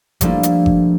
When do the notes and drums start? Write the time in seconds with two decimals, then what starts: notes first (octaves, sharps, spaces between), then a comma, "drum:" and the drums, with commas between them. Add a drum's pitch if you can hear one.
0.21 F3 G3 A3 A#3 D4 E4, drum: kick G1, hi-hat
0.43 drum: hi-hat
0.66 drum: kick G1